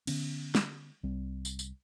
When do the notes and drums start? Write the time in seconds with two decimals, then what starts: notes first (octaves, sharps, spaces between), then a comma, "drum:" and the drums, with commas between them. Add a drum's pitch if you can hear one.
0.07 D3 B3 C#4, drum: cymbal
0.55 drum: snare
1.03 C2 G3 C4
1.45 drum: tambourine
1.59 drum: tambourine